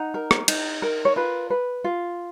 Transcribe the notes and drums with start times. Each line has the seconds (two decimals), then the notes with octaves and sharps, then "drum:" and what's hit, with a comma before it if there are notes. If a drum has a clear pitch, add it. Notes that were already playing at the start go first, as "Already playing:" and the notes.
Already playing: D#4 F#5 A#5
0.14 A#4
0.31 drum: rim click
0.48 D#4, drum: cymbal
0.82 A#4
1.05 C#5
1.16 F4 B4
1.50 B4
1.84 F4